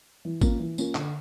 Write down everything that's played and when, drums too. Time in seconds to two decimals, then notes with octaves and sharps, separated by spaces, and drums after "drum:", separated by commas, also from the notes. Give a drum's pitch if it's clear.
0.25 E3
0.41 A#3 C#4 F4 A#4, drum: kick, tambourine
0.60 E3
0.78 A#3 C#4 F4 A#4, drum: tambourine
0.95 D3, drum: clap